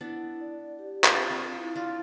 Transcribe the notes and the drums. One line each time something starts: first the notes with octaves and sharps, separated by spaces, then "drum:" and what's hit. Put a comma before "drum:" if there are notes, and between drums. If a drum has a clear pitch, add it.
B3 D4 E4
D5
G4
D4 F4, drum: clap
C4
D4 F4
E4
D4 F4